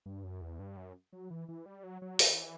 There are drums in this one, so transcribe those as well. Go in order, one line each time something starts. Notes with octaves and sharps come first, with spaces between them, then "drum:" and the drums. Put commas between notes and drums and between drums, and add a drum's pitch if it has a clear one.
G2
F#2
E2
G2
F#2
F#3
E3
E3
G3
F#3
F#3
E3, drum: open hi-hat